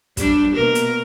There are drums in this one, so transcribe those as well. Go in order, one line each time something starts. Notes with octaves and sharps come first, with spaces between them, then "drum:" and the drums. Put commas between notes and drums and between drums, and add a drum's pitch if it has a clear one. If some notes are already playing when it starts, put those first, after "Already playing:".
G3 D4, drum: kick, hi-hat
B2 A#3 A#4
drum: hi-hat